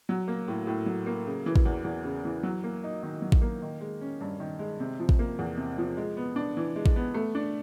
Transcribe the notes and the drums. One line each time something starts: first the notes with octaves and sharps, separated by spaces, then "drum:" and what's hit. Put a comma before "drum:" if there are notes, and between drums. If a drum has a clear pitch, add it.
F#3
A#3
A2
A2
F#3
A#3
C#3
E3
drum: kick A1
E2
E2
C#3
E3
F#3
A#3
D#4
D#3
F#3
drum: kick A1
A#3
D#3
G#3
C#4
G2
D#3
G#3
C3
F3
drum: kick A1
A#3
E2
C3
F3
G#3
B3
D4
E3
G#3
drum: kick A1
B3
A3
D4